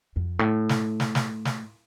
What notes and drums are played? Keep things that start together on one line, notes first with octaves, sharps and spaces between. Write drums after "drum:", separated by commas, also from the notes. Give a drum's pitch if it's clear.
F2
A2
drum: snare
drum: snare
drum: snare
drum: snare